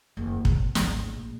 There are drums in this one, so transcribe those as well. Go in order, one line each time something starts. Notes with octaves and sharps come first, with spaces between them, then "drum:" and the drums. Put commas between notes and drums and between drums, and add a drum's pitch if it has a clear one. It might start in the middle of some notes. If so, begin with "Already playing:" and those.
F#1 D#2
C2 F#3, drum: kick
G#1 D2, drum: snare
A#1